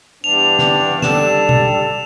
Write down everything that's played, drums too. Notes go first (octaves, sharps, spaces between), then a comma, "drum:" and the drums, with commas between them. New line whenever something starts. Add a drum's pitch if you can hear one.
G2 E3 B3 D4 F7
drum: snare
G3 D4 A4 E7, drum: snare
drum: tom B2